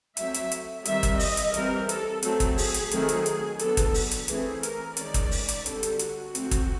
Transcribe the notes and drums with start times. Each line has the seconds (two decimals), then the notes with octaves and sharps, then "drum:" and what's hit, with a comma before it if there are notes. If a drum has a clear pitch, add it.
0.17 F#3 A3 C4 E5, drum: hi-hat
0.34 drum: hi-hat
0.52 drum: hi-hat
0.85 D#3 G3 C4 E5, drum: hi-hat
1.03 drum: kick, hi-hat
1.19 D#5, drum: open hi-hat
1.37 drum: hi-hat
1.54 E3 G3 C4 A#4, drum: hi-hat
1.89 A4, drum: hi-hat
2.23 F#3 A3 C4 A4, drum: hi-hat
2.40 drum: kick, hi-hat
2.58 G#4, drum: open hi-hat
2.74 drum: hi-hat
2.91 D#3 F#3 A3 C4, drum: hi-hat
3.09 drum: hi-hat
3.26 drum: hi-hat
3.59 F#3 B3 D4 A4, drum: hi-hat
3.77 drum: kick, hi-hat
3.94 drum: open hi-hat
4.11 drum: hi-hat
4.28 E3 A3 C4 G#4, drum: hi-hat
4.63 A#4, drum: hi-hat
4.97 D#3 G#3 C#4 D5, drum: hi-hat
5.14 drum: kick, hi-hat
5.31 drum: open hi-hat
5.49 drum: hi-hat
5.66 D3 G3 C4 A4, drum: hi-hat
5.83 drum: hi-hat
5.99 F#4, drum: hi-hat
6.35 F3 A3 C4, drum: hi-hat
6.51 drum: kick, hi-hat